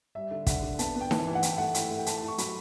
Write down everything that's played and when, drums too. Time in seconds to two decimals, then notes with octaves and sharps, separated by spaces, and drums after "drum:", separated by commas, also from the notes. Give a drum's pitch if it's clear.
0.15 G3 E5
0.31 D3
0.47 D3 F#5, drum: kick, hi-hat
0.63 D3
0.79 B3 A5, drum: hi-hat
0.95 B3
1.01 G5
1.11 E3 A5, drum: snare D#4
1.27 E3
1.35 F#5
1.43 E4 G5, drum: hi-hat
1.58 A3 F#5
1.74 E4 G5, drum: hi-hat
1.90 A3
1.98 G5
2.06 E4 A5, drum: hi-hat
2.17 A5
2.23 E4
2.28 C#6
2.38 F#3 B5, drum: hi-hat